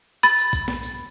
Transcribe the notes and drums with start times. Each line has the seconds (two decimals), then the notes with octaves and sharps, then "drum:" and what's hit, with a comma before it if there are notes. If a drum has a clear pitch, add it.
0.23 B5 A6, drum: tambourine
0.38 drum: tambourine
0.53 drum: kick, tambourine
0.68 drum: snare
0.83 drum: tambourine